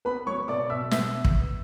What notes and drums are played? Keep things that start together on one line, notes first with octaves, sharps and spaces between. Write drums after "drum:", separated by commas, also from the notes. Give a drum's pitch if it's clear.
B3 B4 B5
F#3 C#5 C#6
B2 D5 D6
B2 E5 E6
B3 E5 E6, drum: snare
drum: kick